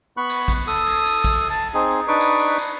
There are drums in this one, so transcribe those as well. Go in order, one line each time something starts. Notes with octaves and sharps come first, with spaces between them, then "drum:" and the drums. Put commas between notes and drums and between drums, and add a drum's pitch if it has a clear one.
B3 B5 C#6 F#6
drum: cymbal
drum: kick, cymbal
A4 D#6, drum: cymbal
drum: cymbal
drum: cymbal
drum: kick, cymbal
A5
C4 D#4 G#4
D4 D#4 B4 C#6 D6
drum: cymbal
drum: cymbal
drum: cymbal